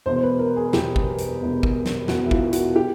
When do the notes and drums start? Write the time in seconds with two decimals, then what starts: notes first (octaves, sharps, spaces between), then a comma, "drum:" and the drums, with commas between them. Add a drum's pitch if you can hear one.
0.06 E1 E2 B2 C5
0.16 C5
0.23 B4
0.39 A#4
0.56 G#4
0.73 E1 E2 B2 G4, drum: snare
0.96 drum: kick A1
1.18 drum: hi-hat
1.41 E1 E2 B2
1.63 drum: kick A1
1.86 drum: snare
2.08 E1 E2 B2 F#4, drum: snare
2.26 E4
2.31 F4, drum: kick A1
2.53 F#4, drum: hi-hat
2.76 G4